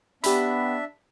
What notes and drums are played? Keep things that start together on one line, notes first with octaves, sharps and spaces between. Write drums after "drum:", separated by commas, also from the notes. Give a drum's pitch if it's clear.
B3 D4 G4 E5 B5, drum: hi-hat